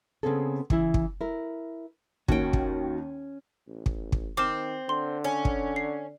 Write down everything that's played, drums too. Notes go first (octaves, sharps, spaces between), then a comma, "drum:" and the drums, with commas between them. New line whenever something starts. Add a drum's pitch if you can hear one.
C#3 G3 B3 C4 G#4 A4
C#3 E3 E4, drum: kick
drum: kick
E4 A#4
D#2 D#3 C#4 F#4 G5, drum: kick
drum: kick
A1
drum: kick
drum: kick
D#3 C4 D6 F6 E7
D3 C6
C#4
drum: kick
D5 C7